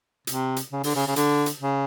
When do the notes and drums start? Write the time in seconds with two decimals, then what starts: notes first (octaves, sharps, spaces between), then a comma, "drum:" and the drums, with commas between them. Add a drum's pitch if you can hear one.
0.27 C3, drum: hi-hat
0.56 drum: hi-hat
0.72 C#3
0.83 D3, drum: open hi-hat
0.96 C#3
1.07 C#3
1.16 D3, drum: hi-hat
1.46 drum: hi-hat
1.61 C#3